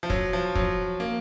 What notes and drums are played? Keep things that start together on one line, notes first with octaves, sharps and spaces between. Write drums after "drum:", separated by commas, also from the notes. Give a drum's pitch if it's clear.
F3
F#3, drum: kick
F3
F#3, drum: kick
A#3